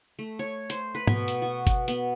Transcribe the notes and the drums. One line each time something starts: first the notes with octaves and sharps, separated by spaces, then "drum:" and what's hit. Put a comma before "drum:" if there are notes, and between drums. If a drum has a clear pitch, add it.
A3
C#5
C5, drum: hi-hat
B4
B2, drum: tom G#2
drum: hi-hat
F#4
drum: kick G1, hi-hat
B3, drum: hi-hat